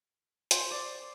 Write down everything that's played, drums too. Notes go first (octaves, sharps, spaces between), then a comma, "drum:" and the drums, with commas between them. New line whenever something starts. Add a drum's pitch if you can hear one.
C5, drum: hi-hat
D5